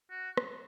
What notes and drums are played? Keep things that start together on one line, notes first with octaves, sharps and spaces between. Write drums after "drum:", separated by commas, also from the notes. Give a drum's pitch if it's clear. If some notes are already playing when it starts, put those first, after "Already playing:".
F#4
drum: rim click